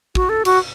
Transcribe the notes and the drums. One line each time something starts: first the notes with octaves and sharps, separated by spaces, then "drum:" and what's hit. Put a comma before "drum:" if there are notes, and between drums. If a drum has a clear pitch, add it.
F#4, drum: kick
A4
F#4, drum: cymbal